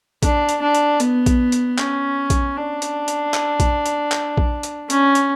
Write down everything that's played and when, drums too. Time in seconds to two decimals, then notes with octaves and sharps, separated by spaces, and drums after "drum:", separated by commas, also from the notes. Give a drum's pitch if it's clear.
0.23 D4, drum: kick A#1, hi-hat
0.49 drum: hi-hat
0.62 D4
0.75 drum: hi-hat
1.00 B3, drum: hi-hat
1.26 drum: kick A#1, hi-hat
1.52 drum: hi-hat
1.78 C#4, drum: clap
2.30 drum: kick A#1, hi-hat
2.56 D4
2.82 drum: hi-hat
3.08 drum: hi-hat
3.34 drum: clap
3.60 drum: kick A#1, hi-hat
3.86 drum: hi-hat
4.12 drum: clap
4.37 drum: kick A#1
4.63 drum: hi-hat
4.90 C#4, drum: hi-hat
5.15 drum: hi-hat